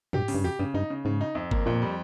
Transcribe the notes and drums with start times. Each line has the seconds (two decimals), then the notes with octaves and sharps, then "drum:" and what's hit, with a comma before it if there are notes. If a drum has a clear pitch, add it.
0.13 G2 G4, drum: tom
0.28 C#3, drum: open hi-hat
0.34 G2
0.44 F2 G4
0.59 G2 C#3
0.74 G2 D#4
0.90 C#3
1.05 G#2 C#3
1.21 D#4
1.35 F2
1.51 A#3, drum: kick G1
1.66 F2 A#2
1.82 G3